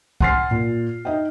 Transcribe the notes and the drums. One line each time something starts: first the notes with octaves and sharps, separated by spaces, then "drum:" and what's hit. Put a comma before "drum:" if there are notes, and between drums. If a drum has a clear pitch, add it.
F#5 G#5 C6 F6 A6 C7, drum: kick C2
A#2
D#4 D#5 E5 G5